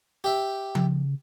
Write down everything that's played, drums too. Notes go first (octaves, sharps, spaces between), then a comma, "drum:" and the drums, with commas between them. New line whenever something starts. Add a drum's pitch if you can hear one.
G4 E5
C#3, drum: tom F3